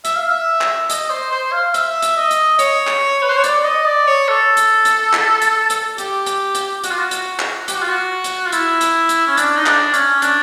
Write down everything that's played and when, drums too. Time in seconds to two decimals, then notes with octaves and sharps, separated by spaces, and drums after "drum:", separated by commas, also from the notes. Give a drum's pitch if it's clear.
0.05 E5, drum: hi-hat
0.17 F5
0.29 E5
0.61 drum: clap
0.90 D#5, drum: hi-hat
1.10 C5
1.32 C5
1.52 F5
1.74 E5, drum: hi-hat
2.02 drum: hi-hat
2.17 D#5
2.31 drum: hi-hat
2.59 C#5, drum: hi-hat
2.87 drum: clap
3.23 B4
3.29 C5
3.37 C#5
3.44 D5, drum: hi-hat
3.60 D5
3.65 D#5
3.86 D5
4.07 C#5
4.29 A4
4.57 drum: hi-hat
4.85 drum: hi-hat
5.13 drum: clap
5.42 drum: hi-hat
5.70 drum: hi-hat
5.98 G4, drum: hi-hat
6.26 drum: hi-hat
6.55 drum: hi-hat
6.84 F#4, drum: hi-hat
6.91 F4
6.99 F#4
7.11 drum: hi-hat
7.40 drum: clap
7.68 G4, drum: hi-hat
7.75 F#4
7.82 F4
7.90 F#4
8.24 drum: hi-hat
8.47 F4
8.52 E4, drum: hi-hat
8.81 drum: hi-hat
9.09 drum: hi-hat
9.28 C#4
9.37 D4, drum: hi-hat
9.58 D#4
9.66 D4, drum: clap
9.94 C#4, drum: hi-hat
10.22 D4, drum: hi-hat